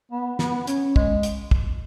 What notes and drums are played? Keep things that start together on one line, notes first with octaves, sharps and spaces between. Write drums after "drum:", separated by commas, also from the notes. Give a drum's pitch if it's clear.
B3
B3, drum: snare
C#4, drum: hi-hat
G#3, drum: kick
drum: hi-hat
drum: kick